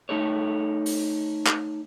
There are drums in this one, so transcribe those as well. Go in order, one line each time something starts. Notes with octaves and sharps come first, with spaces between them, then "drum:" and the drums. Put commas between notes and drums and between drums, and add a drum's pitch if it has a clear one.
A3 D#4 A4 C#5
drum: open hi-hat
drum: clap